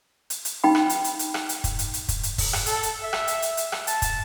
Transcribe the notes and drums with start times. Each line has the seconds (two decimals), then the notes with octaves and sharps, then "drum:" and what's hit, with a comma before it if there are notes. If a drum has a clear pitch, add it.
0.30 drum: hi-hat
0.45 drum: hi-hat
0.64 D#4 G5 B5
0.75 drum: rim click
0.90 drum: hi-hat
1.04 drum: hi-hat
1.19 drum: hi-hat
1.34 drum: rim click
1.49 drum: hi-hat
1.64 drum: kick, hi-hat
1.79 drum: hi-hat
1.94 drum: hi-hat
2.09 drum: kick, hi-hat
2.23 drum: hi-hat
2.38 drum: kick, open hi-hat
2.53 drum: rim click
2.66 A4, drum: hi-hat
2.83 drum: hi-hat
3.03 E5
3.13 drum: rim click
3.28 drum: hi-hat
3.42 drum: hi-hat
3.57 drum: hi-hat
3.72 drum: rim click
3.87 A5, drum: hi-hat
4.02 drum: kick, hi-hat